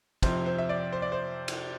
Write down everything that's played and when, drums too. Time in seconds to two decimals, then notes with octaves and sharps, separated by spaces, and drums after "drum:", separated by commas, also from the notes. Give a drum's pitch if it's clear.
0.22 F2 C3 F3 C4 C5, drum: kick, cymbal
0.46 C5
0.58 E5
0.69 D5
0.92 C5
1.02 D5
1.12 C5
1.48 drum: cymbal